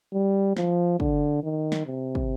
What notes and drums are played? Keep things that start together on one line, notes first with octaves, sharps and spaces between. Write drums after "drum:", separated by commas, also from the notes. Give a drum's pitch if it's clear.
G3
F3, drum: snare
D3, drum: kick
D#3
drum: snare
C3
drum: kick